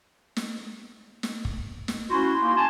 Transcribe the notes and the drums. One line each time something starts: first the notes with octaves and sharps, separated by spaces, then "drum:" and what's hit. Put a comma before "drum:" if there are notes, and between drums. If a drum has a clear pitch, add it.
drum: snare
drum: snare
drum: kick
drum: snare
C#4 E4 F#4 C6
A#3 D#4
G#5 A5